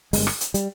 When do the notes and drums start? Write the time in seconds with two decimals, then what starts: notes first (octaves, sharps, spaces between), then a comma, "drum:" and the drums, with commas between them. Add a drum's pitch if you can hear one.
0.13 G1 G2 G#3, drum: open hi-hat
0.27 drum: rim click
0.41 drum: hi-hat
0.54 G3, drum: hi-hat